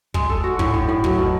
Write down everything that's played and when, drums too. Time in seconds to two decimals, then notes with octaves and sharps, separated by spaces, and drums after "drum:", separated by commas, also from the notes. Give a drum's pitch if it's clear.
0.14 G#3, drum: kick
0.30 A4
0.44 F#4
0.59 A2, drum: kick
0.74 A2
0.89 A2
1.04 F#3, drum: kick
1.18 B2